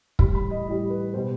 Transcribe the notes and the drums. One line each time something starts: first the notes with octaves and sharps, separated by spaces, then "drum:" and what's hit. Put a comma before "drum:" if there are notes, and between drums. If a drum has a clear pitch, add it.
A2 E3 G3 B5, drum: kick
B5
D#5
A2 E3 G3 D#5
B4
B2 G3 C5